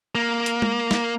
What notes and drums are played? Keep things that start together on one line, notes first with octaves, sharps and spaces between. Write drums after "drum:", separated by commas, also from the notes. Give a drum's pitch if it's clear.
A#3
drum: hi-hat
drum: tom G#3
drum: snare